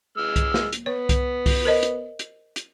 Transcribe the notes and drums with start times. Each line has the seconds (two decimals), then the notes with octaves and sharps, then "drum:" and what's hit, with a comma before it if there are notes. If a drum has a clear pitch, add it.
0.18 G#3 E6 F6
0.36 drum: kick C2, hi-hat
0.54 drum: snare
0.73 drum: hi-hat
0.86 B3 C#5
1.09 drum: kick C2, hi-hat
1.46 drum: kick C2, open hi-hat
1.65 A#4 C5 D#5
1.83 drum: hi-hat
2.19 drum: hi-hat
2.56 drum: hi-hat